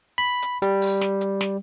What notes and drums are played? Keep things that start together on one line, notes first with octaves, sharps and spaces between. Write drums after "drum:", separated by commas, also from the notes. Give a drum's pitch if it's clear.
B5
drum: hi-hat
G3, drum: hi-hat
drum: open hi-hat
drum: snare
drum: hi-hat
drum: snare